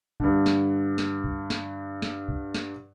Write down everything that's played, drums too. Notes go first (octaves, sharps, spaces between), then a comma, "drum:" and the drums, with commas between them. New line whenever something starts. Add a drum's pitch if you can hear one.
G2 D3, drum: kick C2
drum: snare
drum: snare
drum: kick C2
drum: snare
drum: snare
drum: kick C2
drum: snare